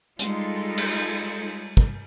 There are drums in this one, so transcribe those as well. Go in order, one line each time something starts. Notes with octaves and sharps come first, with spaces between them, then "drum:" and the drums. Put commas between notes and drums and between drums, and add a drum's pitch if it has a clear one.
G3 G#3 D#4 F4 A4, drum: hi-hat
drum: cymbal
drum: kick